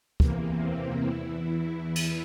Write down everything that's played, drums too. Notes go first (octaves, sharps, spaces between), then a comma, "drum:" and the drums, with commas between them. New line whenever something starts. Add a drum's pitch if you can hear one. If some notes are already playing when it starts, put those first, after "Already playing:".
E2 C3 E3 A#3, drum: kick
C4
E2 E3 E4
drum: cymbal